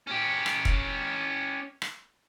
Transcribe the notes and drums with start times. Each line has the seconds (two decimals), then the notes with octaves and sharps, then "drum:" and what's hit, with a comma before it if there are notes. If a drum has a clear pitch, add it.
0.07 C#4 G4
0.46 drum: rim click
0.65 drum: kick
1.82 drum: rim click